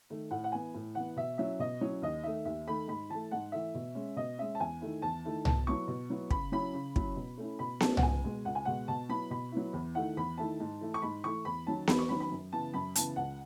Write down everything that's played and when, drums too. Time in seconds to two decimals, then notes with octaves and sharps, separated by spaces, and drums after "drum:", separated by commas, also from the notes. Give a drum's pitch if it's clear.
0.10 D#3 A3
0.31 A2 F#5
0.44 F#5
0.52 E3 B3 G#5
0.74 A2
0.95 E3 B3 F#5
1.16 B2 E5
1.38 F#3 C#4 E4 E5
1.59 B2 D#5
1.81 F#3 C#4 E4 C#5
2.02 D#2 D#5
2.24 D#3 A3 E5
2.45 D#2 E5
2.68 D#3 A3 B5
2.88 G#2 B5
3.10 E3 A3 A5
3.31 G#2 F#5
3.52 E3 A3 E5
3.75 B2
3.95 G#3 C#4
4.16 B2 D#5
4.38 G#3 C#4 E5
4.55 A5
4.60 E2 G#5
4.81 D#3 A3 E4
5.02 E2 A5
5.25 D#3 A3 E4
5.45 B2 A5, drum: tom C2
5.67 F#3 B3 E4 C#6
5.88 B2
6.10 F#3 B3 E4
6.31 C#3 B5, drum: kick
6.52 F#3 C#4 E4 B5
6.73 C#3
6.96 F#3 C#4 E4, drum: kick
7.16 B2
7.38 A3 C#4 E4
7.59 B2 B5
7.80 A3 C#4 E4 A5, drum: snare B3
7.97 F#5, drum: tom C2
8.03 C#2 G#5
8.24 B2 G#3
8.45 C#2 F#5
8.55 G#5
8.65 B2 G#3 F#5
8.88 B2 A5
9.09 F#3 B3 E4 B5
9.30 B2 B5
9.52 F#3 B3 E4
9.73 E2
9.95 D#3 A3 E4 F#5
10.17 E2 B5
10.38 D#3 A3 E4 A5
10.60 G#2
10.81 E3 A3 E4
10.94 C#6
11.02 G#2 B5
11.24 E3 A3 E4 C#6
11.45 E2 B5
11.67 D#3 F#3 C#4 A5
11.87 E2 B5, drum: snare B3
11.99 C#6
12.09 D#3 F#3 C#4 B5
12.20 B5
12.32 F#2
12.52 C#3 E3 B3 A5
12.74 F#2 B5
12.95 C#3 E3 B3 A5, drum: hi-hat
13.16 C#2 F#5